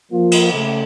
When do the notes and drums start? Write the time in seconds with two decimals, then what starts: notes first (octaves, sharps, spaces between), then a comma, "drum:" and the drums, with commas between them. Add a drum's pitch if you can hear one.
0.12 F3 A#3 F4
0.32 drum: cymbal
0.53 C#3 A3